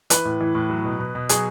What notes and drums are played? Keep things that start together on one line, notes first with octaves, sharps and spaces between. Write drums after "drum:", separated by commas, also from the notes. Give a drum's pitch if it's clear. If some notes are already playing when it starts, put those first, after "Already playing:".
E3 B4, drum: hi-hat
A2
E3
A2
F#3
B2
B2
B2
F#3 G#4, drum: hi-hat